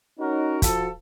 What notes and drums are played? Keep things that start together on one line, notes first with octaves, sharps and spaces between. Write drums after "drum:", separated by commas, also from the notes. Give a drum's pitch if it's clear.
C#4 D#4 F#4 A#4
F3 F#4 A4, drum: kick, hi-hat